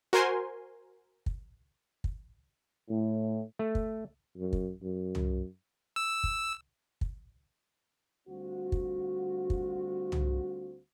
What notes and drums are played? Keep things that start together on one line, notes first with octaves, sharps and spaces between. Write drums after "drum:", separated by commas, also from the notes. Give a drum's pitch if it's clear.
F#4 A#4 C5 G#5 C6
drum: kick
drum: kick
A2
A3
drum: kick
F#2
drum: kick
F#2
drum: tom
E6
drum: kick
drum: kick
D2 G3 C4 F4 F#4
drum: kick
drum: kick
drum: tom